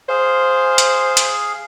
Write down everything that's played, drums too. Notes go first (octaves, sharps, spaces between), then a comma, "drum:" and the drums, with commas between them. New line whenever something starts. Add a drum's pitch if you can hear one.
G#4 C5 F5
drum: hi-hat
drum: hi-hat